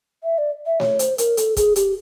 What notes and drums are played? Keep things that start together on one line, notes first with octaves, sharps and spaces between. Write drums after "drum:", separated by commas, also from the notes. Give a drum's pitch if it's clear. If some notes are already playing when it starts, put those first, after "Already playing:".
E5
D5
E5
C#5, drum: snare A3
C5, drum: hi-hat
A#4, drum: hi-hat
A4, drum: hi-hat
G#4, drum: kick, hi-hat
G4, drum: hi-hat